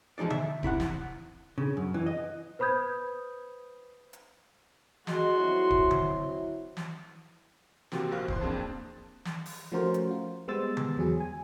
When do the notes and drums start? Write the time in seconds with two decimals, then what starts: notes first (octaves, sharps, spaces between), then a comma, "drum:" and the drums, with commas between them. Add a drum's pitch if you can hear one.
0.18 E2 F3 G#3 D#4 D5
0.30 E5, drum: tom D3
0.63 C3 E4 C#5 F#5, drum: kick D1
0.80 drum: snare
1.58 C#3
1.77 F#2
1.94 E3
2.06 D#5
2.59 B4 C5 B5 D#6 G6 G#6
4.13 drum: hi-hat
5.07 G#3 F#4 D#5 C6, drum: snare
5.36 F#3 C4 E4
5.70 drum: kick D1
5.91 drum: tom D3
6.77 drum: snare
7.92 C3 A#3 C4 F4 F#4, drum: snare
8.11 A#1 F#4 A#4 C5 F5 F#6
8.28 E3 C5 C6, drum: kick D1
8.41 F2 A#3 C4 D4 G#4 A5
9.25 drum: snare
9.46 drum: open hi-hat
9.72 F3 A3 C#4 F#4 A#4 C5
9.94 drum: hi-hat
10.11 F4
10.48 G3 G#3 B3 C5 E6 A6
10.77 drum: tom D3
10.97 E2 F#3 G#4
11.20 G#5